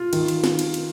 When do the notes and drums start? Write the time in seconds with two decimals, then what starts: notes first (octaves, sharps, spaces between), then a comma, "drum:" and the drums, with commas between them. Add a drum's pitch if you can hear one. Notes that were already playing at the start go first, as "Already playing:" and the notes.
Already playing: F4
0.13 D#3, drum: cymbal
0.28 drum: cymbal
0.44 drum: snare
0.59 drum: cymbal
0.74 drum: cymbal